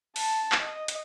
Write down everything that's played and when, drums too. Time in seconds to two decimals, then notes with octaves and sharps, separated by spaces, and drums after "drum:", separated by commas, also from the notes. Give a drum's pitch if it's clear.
0.16 A5, drum: open hi-hat
0.52 drum: clap
0.62 D#5
0.88 drum: hi-hat